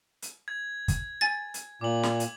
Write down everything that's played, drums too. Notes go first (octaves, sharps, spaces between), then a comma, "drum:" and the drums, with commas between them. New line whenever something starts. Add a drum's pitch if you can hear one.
drum: hi-hat
G#6
drum: kick, hi-hat
G#5 A6
drum: hi-hat
A#2 D6 F#7
drum: snare
drum: hi-hat